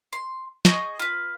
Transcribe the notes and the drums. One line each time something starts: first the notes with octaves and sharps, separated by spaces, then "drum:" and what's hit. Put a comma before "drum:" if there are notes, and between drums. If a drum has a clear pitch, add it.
C6
G#4 D#5 C#6 G6, drum: snare
F4 B4